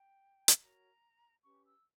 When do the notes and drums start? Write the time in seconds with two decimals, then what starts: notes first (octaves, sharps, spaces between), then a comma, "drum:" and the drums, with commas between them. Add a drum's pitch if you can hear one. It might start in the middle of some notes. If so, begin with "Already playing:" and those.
Already playing: G5
0.48 drum: hi-hat
0.60 F#4 A#4 C#5 A#5
1.43 C#4 G4 B4 C#6
1.64 E6